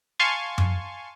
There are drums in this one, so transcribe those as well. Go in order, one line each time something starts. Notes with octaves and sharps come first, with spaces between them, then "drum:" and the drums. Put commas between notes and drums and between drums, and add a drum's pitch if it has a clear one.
F5 G#5 A5 C6 C#6
drum: tom F#2